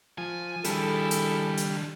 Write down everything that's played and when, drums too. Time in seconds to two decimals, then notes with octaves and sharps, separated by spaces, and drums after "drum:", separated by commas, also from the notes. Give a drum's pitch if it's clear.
0.18 F3 G#5
0.65 D#3 G3 D4 E4 G#4 A4, drum: hi-hat
1.11 drum: hi-hat
1.58 drum: hi-hat